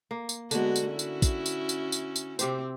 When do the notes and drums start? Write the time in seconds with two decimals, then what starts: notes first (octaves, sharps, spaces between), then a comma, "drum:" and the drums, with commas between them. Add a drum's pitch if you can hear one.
0.11 A#3
0.29 drum: tambourine
0.51 D3 G#3 B3 F#4, drum: tambourine
0.76 drum: tambourine
0.90 C#4 E4 F#4
0.99 drum: tambourine
1.22 drum: kick, tambourine
1.46 drum: tambourine
1.69 drum: tambourine
1.92 drum: tambourine
2.16 drum: tambourine
2.39 C3 C4 G4 C5, drum: tambourine